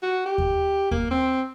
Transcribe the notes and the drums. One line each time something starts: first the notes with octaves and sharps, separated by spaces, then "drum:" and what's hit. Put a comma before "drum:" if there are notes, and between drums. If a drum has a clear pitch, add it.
F#4
G4
drum: kick D#2
A#3, drum: kick D#2
C4